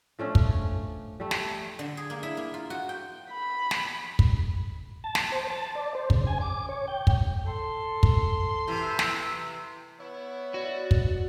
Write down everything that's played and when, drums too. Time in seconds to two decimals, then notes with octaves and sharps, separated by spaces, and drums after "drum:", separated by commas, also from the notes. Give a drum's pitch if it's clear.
0.19 F3 A3 C#4 D4
0.35 drum: kick
1.20 G3 A3
1.31 drum: snare
1.79 D3
1.97 G#4
2.10 A#3
2.23 E4
2.37 A#3
2.54 F4
2.70 F#4
2.89 G5
3.31 B5
3.71 drum: snare
4.19 drum: kick
5.04 A5
5.15 drum: snare
5.32 C5
5.50 A5
5.75 D5
5.95 C5
6.10 C#3, drum: kick
6.27 G#5
6.41 D6
6.69 C#5
6.88 G5
7.07 drum: kick
7.46 A4 C6
8.03 drum: kick
8.68 C3 E3
8.99 drum: snare
9.99 B3 E4 C#5
10.54 F#4 D5
10.91 drum: kick